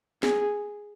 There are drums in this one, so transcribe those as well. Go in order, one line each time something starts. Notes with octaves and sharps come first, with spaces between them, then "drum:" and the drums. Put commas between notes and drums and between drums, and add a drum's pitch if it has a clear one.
G#4, drum: snare